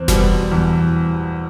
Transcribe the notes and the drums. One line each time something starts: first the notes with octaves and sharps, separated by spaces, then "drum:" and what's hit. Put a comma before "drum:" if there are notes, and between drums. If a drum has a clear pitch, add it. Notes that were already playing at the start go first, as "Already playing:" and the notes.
Already playing: E2 C4
B2 G3, drum: snare F1
E2